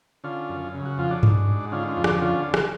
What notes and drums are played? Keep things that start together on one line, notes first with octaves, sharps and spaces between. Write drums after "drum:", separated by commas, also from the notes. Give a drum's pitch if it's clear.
D3 C#4 F4
F#2
C#3
F#4
F2 F4
D4 F#4
G#2, drum: tom G2
G#2
D3 C#4 F4
C#4 F4
F2
D4 F#4, drum: rim click
D3 C#4 F4
drum: rim click